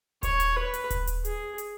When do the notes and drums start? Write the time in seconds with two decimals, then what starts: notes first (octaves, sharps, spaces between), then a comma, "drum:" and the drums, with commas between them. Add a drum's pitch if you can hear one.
0.23 C#5, drum: kick D#1, hi-hat
0.40 drum: hi-hat
0.56 B4
0.74 drum: hi-hat
0.90 drum: kick D#1, hi-hat
1.07 drum: hi-hat
1.25 G#4, drum: hi-hat
1.58 drum: hi-hat